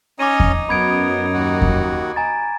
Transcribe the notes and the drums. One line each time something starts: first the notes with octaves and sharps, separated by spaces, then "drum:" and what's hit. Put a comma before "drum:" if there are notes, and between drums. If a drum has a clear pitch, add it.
C#4 D#4 C#5 D#5 D6 D#7
drum: kick E2
F#2 B3 B5 G#6 D7
D#2 F#4
drum: kick E2
G#5 A#5 A6